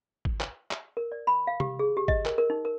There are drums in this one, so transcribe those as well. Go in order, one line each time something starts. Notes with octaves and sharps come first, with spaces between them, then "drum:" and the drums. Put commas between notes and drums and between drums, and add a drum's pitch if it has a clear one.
drum: kick G#1
drum: clap
drum: clap
A#4
D5
B5
F5
G4, drum: tom C3
G#4
G4
D#5, drum: kick G#1
A#4, drum: clap
A#4
D#4
A#4